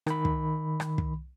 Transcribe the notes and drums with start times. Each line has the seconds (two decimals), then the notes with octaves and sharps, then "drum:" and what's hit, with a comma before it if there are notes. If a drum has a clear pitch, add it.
0.07 D#3 B5, drum: rim click
0.25 drum: kick
0.80 drum: rim click
0.98 drum: kick